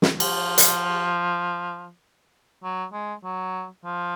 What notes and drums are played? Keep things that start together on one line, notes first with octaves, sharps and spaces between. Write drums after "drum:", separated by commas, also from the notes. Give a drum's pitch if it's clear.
drum: snare
F3, drum: cymbal
drum: hi-hat
F#3
G#3
F#3
F3